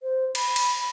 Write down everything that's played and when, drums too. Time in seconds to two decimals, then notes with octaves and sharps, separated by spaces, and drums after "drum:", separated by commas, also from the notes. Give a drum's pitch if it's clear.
0.03 C5
0.35 B5, drum: cymbal
0.56 drum: cymbal